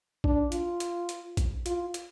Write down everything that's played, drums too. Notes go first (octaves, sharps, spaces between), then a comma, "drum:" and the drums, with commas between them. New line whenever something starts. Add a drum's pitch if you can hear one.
D4, drum: kick A#1
F4, drum: hi-hat
drum: hi-hat
drum: hi-hat
drum: kick A#1, hi-hat
F4, drum: hi-hat
drum: hi-hat